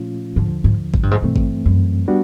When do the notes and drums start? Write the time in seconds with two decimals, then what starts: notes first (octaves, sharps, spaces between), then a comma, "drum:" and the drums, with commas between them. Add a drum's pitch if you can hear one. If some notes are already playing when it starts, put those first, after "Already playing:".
Already playing: A#2 F3 A3 C#4 F4
0.36 D#2 G#2 D3 F3
0.64 G#2
0.94 G#2, drum: kick G#1
1.03 G2
1.11 G#2
1.22 G2 B2 E3 A3 C4
1.36 drum: kick G#1
1.66 F#2
2.08 G3 B3 D4 F#4